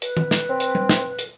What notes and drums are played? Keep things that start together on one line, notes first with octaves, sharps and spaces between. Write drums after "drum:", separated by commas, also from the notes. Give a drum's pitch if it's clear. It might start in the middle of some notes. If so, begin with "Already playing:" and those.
B4, drum: hi-hat
drum: tom D#3
drum: snare
C4
drum: hi-hat
drum: tom G3
drum: snare
drum: hi-hat